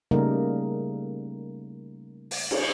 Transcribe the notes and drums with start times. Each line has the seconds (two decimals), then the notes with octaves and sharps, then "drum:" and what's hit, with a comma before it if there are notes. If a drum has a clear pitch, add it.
0.11 C#3 G3 A3 A#3 D#4 A#4
2.31 drum: open hi-hat
2.51 drum: cymbal